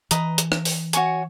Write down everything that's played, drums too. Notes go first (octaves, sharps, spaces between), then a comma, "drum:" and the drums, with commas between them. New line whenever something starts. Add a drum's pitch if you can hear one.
E3 B4 D#5 A#5 D#6, drum: hi-hat
drum: hi-hat
drum: rim click
drum: open hi-hat
F#4 C#5 G#5 C#6, drum: hi-hat